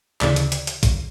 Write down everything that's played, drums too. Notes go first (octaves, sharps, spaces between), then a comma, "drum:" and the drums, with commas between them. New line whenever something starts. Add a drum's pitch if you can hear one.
D2 C#3 E3 D5, drum: clap
drum: hi-hat
drum: hi-hat
drum: hi-hat
drum: kick, hi-hat